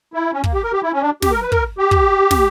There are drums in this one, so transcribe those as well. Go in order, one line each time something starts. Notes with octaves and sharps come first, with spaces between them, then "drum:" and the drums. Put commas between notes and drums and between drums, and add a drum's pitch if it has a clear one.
E4
C#4
A#3, drum: kick
G4
A#4
G4
E4
C#4
D4
G4, drum: snare
A#4
B4
A#4, drum: kick
G4
drum: kick
drum: snare